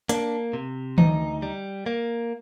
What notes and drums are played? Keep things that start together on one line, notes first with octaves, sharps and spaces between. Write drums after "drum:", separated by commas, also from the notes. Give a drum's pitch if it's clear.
A#3 D4, drum: hi-hat
C3
D2 D#4, drum: tom D#3
G3
A#3